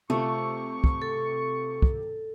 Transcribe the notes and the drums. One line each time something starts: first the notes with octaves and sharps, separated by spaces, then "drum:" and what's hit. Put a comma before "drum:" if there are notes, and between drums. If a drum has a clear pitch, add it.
C3 A3 F4 C#6
drum: kick
A4
drum: kick